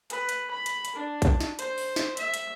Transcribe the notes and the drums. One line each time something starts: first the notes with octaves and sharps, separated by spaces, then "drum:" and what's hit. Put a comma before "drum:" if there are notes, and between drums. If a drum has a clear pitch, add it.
B4, drum: hi-hat
drum: hi-hat
B5
drum: hi-hat
drum: hi-hat
D4
drum: kick, hi-hat
drum: snare
C5, drum: hi-hat
drum: open hi-hat
drum: snare
E5, drum: hi-hat
drum: hi-hat